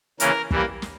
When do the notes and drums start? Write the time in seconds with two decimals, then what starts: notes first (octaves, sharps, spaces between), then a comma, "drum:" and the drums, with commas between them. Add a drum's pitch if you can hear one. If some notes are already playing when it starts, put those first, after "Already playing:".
0.20 C#3 E3 A#3 C#4 A#4, drum: hi-hat
0.51 E3 G3 A#3, drum: kick
0.82 drum: snare